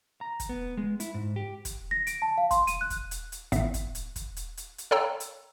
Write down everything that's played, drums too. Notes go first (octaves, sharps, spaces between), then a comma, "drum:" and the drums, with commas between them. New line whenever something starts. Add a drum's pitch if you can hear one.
A#5
drum: kick, hi-hat
B3
G#3
E4, drum: hi-hat
G#2
G4
drum: kick, hi-hat
A#6
D7, drum: hi-hat
A5
F5
C6, drum: kick, hi-hat
D#7, drum: hi-hat
F#6
drum: kick, hi-hat
drum: hi-hat
drum: hi-hat
G#1 A2 B3 E5, drum: hi-hat
drum: kick, hi-hat
drum: hi-hat
drum: kick, hi-hat
drum: hi-hat
drum: hi-hat
drum: hi-hat
A4 C#5 F5 G5 A#5 E6
drum: hi-hat